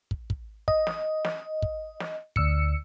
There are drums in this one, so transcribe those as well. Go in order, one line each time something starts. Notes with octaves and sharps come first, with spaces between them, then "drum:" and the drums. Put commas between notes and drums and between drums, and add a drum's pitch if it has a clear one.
drum: kick
drum: kick
D#5, drum: kick
drum: snare
drum: snare
drum: kick
drum: snare
D2 E6 C#7, drum: kick